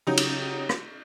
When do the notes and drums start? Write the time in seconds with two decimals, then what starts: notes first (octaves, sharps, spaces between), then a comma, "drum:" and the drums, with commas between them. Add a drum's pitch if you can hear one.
0.07 C#3 F#3 D#4 G4
0.17 drum: cymbal
0.69 drum: rim click